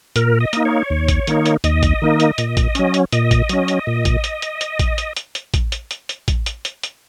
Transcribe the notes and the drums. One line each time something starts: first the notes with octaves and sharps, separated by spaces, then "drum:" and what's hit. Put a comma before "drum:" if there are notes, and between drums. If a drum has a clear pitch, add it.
A#2 A#4, drum: hi-hat
D#5
A#3 D#4, drum: hi-hat
C#5
D#2
drum: kick A1, hi-hat
D#3 A#3 D#4, drum: hi-hat
drum: hi-hat
D#2 D#5, drum: hi-hat
drum: kick A1, hi-hat
D#3 A#3 D#4
drum: hi-hat
A#2, drum: hi-hat
drum: kick A1, hi-hat
F#3 C#4, drum: hi-hat
drum: hi-hat
A#2 D#5, drum: hi-hat
drum: kick A1, hi-hat
F#3 C#4, drum: hi-hat
drum: hi-hat
A#2
drum: kick A1, hi-hat
drum: hi-hat
drum: hi-hat
drum: hi-hat
drum: kick A1, hi-hat
drum: hi-hat
drum: hi-hat
drum: hi-hat
drum: kick A1, hi-hat
drum: hi-hat
drum: hi-hat
drum: hi-hat
drum: kick A1, hi-hat
drum: hi-hat
drum: hi-hat
drum: hi-hat